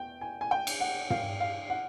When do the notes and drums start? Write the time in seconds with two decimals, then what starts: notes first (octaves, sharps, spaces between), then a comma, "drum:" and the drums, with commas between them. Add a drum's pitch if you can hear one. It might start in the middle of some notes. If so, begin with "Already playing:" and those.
Already playing: E2 G5
0.21 G#5
0.41 G#5
0.51 G5
0.67 drum: cymbal
0.80 F#5
1.10 F5, drum: tom
1.40 F5
1.70 F#5